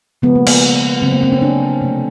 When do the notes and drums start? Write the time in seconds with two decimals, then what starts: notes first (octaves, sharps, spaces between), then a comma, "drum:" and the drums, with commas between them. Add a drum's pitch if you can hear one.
0.22 C#3 F3 G#3 B3
0.35 A#3
0.46 B3, drum: cymbal
1.02 C#3 F#3 A#3 C4
1.13 A#3
1.23 C4
1.32 C#4
1.42 D4
1.81 C3 F3 A3